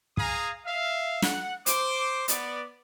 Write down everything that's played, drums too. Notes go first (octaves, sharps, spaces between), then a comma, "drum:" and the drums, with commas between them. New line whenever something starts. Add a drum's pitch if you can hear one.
G#4 F5 G#5 A#5 D#6, drum: kick
E5 F5
F#5, drum: snare
C5 D6, drum: hi-hat
B3 D5, drum: hi-hat